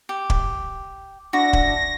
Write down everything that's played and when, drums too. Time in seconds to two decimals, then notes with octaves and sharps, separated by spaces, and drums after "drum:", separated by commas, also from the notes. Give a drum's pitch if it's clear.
0.09 G4
0.30 drum: kick
1.33 D4 E4 F#4 A#6
1.53 drum: kick